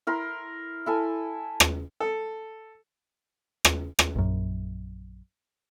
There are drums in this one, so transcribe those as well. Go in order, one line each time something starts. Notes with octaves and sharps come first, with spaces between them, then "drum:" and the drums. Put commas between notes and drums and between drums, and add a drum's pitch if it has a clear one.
E4 A#4 C6
E4 A4 G#5
drum: rim click
A4
drum: rim click
drum: rim click
A#1 F#2